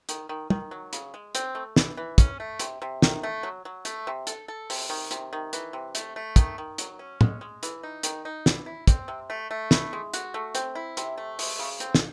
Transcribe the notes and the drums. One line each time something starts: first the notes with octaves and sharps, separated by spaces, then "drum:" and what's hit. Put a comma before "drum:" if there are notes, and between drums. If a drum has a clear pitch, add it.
D#3, drum: hi-hat
D#3
D#3, drum: tom
F#3
C#3, drum: hi-hat
G#3
C4, drum: hi-hat
A3
E3, drum: snare
E3
C#4, drum: kick, hi-hat
A3
C3, drum: hi-hat
C3
D#3, drum: snare
A3
F#3
F#3
A3, drum: hi-hat
C3
A4, drum: hi-hat
A4
C3, drum: open hi-hat
D#3
C3, drum: hi-hat
D#3
E3, drum: hi-hat
C3
A3, drum: hi-hat
A3
D#3, drum: kick, hi-hat
D#3
F#3, drum: hi-hat
C#4
G#3, drum: tom
G#3
E3, drum: hi-hat
D#4
D#3, drum: hi-hat
D#4
E3, drum: snare
E4
C4, drum: kick, hi-hat
C3
A3
A3
E4, drum: snare
G#3
F#4, drum: hi-hat
A3
C4, drum: hi-hat
E4
C3, drum: hi-hat
A3
G#3, drum: open hi-hat
C#3
C4, drum: hi-hat
drum: snare